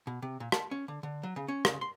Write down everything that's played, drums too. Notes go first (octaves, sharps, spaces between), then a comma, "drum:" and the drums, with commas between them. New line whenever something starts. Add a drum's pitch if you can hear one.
B2
C3
A#2
A5, drum: rim click
C#4
D3
D3
F#3
C#3
C#4
C#3, drum: rim click
C6